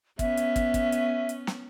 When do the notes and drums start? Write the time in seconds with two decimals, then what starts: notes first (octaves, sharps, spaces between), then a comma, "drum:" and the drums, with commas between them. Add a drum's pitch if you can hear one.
0.19 B3 C#4 E5, drum: kick, hi-hat
0.37 drum: hi-hat
0.56 drum: kick, hi-hat
0.74 drum: kick, hi-hat
0.92 drum: hi-hat
1.29 drum: hi-hat
1.47 drum: snare